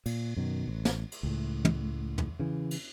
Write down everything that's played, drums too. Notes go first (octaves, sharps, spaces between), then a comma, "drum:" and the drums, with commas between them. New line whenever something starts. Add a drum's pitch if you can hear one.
A#2, drum: cymbal
F#2 B2 D#3
A1
drum: snare
drum: cymbal
C#2 A2
drum: tom
drum: tom
C#3 E3
drum: cymbal